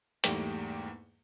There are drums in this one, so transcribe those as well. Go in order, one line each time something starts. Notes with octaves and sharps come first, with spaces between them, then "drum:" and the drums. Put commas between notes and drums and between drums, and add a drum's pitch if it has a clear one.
E2 G#2 G3 A3 A#3 G5, drum: hi-hat